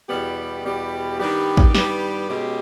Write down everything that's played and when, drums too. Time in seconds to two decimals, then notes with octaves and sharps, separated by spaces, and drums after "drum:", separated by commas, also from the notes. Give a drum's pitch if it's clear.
0.09 E2 B2 G3 B3 G4
0.64 E2 B2 G3 B3 G4
1.19 G2 D#3 G3 B3 G4
1.57 drum: kick A1
1.75 G2 D#3 G3 B3 G4, drum: snare
2.29 B2 G#3 C#4 G4